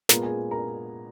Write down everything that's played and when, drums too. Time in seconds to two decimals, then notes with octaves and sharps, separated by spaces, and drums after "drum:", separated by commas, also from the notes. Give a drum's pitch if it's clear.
0.09 A#2 G#3 B3 A#4 A#5, drum: snare
0.23 G#4 G#5
0.51 A#4 A#5